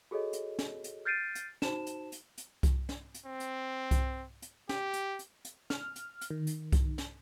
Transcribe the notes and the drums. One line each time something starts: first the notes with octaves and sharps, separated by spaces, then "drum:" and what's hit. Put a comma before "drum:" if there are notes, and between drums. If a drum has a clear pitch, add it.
F#4 G#4 A4 C#5 D#5
drum: hi-hat
drum: snare
drum: hi-hat
F6 G6 A6 C7 D7 D#7
drum: hi-hat
D#4 F#4 C5 A5 E7, drum: snare
drum: hi-hat
drum: hi-hat
drum: hi-hat
drum: kick C2, hi-hat
drum: snare
drum: hi-hat
C4
drum: hi-hat
drum: kick C2, hi-hat
drum: hi-hat
G4, drum: snare
drum: hi-hat
drum: hi-hat
drum: hi-hat
F6, drum: snare
drum: hi-hat
drum: hi-hat
D#3
drum: hi-hat
drum: kick C2, hi-hat
drum: snare